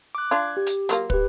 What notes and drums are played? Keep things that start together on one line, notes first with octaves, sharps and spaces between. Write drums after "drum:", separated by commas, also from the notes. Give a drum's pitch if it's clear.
D6 F#6
D4 F4 G#6
G4
drum: hi-hat
F#3 A#3 F4, drum: hi-hat
G4 B4, drum: kick